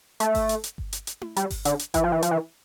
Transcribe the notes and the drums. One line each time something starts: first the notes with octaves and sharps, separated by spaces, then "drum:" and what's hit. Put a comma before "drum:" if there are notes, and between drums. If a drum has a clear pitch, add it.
A3, drum: hi-hat
drum: kick G1, open hi-hat
drum: hi-hat
drum: hi-hat
drum: kick G1
drum: hi-hat
drum: hi-hat
drum: tom E4
G3, drum: hi-hat
drum: kick G1, open hi-hat
D3, drum: hi-hat
drum: hi-hat
E3, drum: kick G1, hi-hat
F3
E3
F3, drum: hi-hat
E3